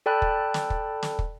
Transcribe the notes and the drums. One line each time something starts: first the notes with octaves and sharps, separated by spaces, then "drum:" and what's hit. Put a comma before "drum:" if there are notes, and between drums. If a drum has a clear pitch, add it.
A4 D5 G5 A5 B5 F#6
drum: kick
drum: snare
drum: kick
drum: snare
drum: kick